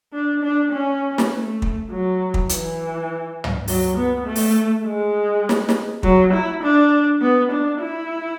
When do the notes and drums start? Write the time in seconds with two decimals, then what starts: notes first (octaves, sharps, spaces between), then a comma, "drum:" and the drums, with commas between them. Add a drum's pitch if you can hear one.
0.13 D4
0.43 D4
0.72 C#4
1.18 drum: snare
1.31 A3
1.62 drum: kick
1.90 F#3
2.34 drum: kick
2.49 E3, drum: hi-hat
3.44 drum: tom
3.68 F#3, drum: open hi-hat
3.97 B3
4.26 A3
4.36 drum: open hi-hat
4.85 G#3
5.49 drum: snare
5.69 drum: snare
6.03 F#3, drum: kick
6.33 E4
6.63 D4
7.21 B3
7.51 D4
7.80 E4